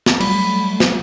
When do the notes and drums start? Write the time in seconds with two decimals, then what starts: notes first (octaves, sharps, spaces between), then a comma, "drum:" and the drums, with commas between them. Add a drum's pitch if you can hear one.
0.06 drum: snare
0.20 F#3 G3 A3 B5, drum: cymbal
0.80 drum: snare